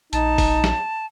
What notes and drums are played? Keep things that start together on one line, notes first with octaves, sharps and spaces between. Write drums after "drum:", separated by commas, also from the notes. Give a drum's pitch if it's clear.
A#1 D#4 A5, drum: hi-hat
drum: kick F1, open hi-hat
drum: snare